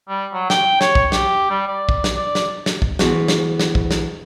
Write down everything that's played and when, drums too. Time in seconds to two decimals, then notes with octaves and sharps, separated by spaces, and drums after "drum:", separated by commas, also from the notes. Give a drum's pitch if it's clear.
0.09 G3
0.33 F#3
0.50 G5, drum: snare
0.81 C#5, drum: snare
0.95 drum: kick
1.12 G4, drum: snare
1.50 G3
1.67 D5
1.89 drum: kick
2.04 drum: snare
2.16 D5
2.35 drum: snare
2.66 drum: snare
2.82 drum: kick
2.99 D2 E3 B3 F#4 G#4 C5, drum: snare
3.28 drum: snare
3.60 drum: snare
3.75 drum: kick
3.91 drum: snare